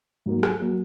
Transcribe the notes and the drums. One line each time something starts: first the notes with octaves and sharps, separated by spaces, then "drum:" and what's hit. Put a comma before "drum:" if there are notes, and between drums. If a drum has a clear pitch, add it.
G#2 F#3 A#3
drum: rim click
F#3 A#3